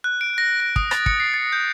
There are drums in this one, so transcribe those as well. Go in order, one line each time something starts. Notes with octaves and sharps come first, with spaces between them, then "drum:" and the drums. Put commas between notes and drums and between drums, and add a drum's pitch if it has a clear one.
F#6
D7
A#6
A#6
D#6, drum: kick
A6, drum: rim click
C#7, drum: kick
C7
A6
G6